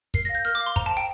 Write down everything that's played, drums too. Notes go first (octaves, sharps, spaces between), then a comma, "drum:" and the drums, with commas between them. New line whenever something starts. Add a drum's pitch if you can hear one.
A#4 C7, drum: kick
F5 A#6
G6
A#4 F6
D6
F5
C6
C5 A#5, drum: kick
G5 A5
G5